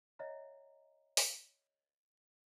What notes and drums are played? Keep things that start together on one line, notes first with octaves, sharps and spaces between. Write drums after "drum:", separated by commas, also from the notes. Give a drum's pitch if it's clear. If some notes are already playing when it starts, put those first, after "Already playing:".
C#5 D#5 E5 F#5 A#5
drum: open hi-hat